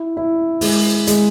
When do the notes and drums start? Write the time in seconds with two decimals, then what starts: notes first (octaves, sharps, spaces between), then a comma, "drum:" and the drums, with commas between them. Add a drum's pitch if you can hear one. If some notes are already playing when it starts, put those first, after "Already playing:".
Already playing: E4
0.17 E4
0.61 G#3, drum: open hi-hat
1.07 G#3, drum: hi-hat